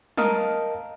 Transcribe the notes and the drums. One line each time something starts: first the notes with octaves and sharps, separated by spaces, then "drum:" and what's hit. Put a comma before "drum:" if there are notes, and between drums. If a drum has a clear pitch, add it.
A#4 D#5 F5 A5, drum: tom